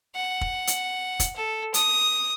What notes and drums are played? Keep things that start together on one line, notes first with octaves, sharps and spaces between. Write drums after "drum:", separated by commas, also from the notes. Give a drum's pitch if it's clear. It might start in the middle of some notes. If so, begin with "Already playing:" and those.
F#5
drum: kick
drum: hi-hat
drum: kick, hi-hat
A4
D#6, drum: hi-hat